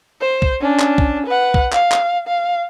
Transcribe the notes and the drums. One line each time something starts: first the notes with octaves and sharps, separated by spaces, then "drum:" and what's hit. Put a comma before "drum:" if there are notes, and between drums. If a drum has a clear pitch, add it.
C5
drum: kick
C#4 D4
drum: clap
drum: kick
B4 F#5
drum: kick
F5, drum: clap
drum: clap
F5